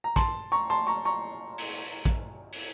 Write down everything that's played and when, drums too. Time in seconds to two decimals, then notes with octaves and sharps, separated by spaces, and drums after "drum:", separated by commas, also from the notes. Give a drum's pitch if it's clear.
0.04 A#5
0.16 A5 C6, drum: kick, hi-hat
0.52 A#5 C#6
0.70 A5 C6
0.87 A#5 C#6
1.05 A#5 C#6
1.58 drum: open hi-hat
2.05 drum: kick, hi-hat
2.53 drum: open hi-hat